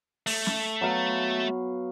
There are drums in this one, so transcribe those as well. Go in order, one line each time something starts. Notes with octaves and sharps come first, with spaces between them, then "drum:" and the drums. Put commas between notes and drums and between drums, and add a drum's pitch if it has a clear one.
A3, drum: open hi-hat
drum: snare
F#3 B3 F5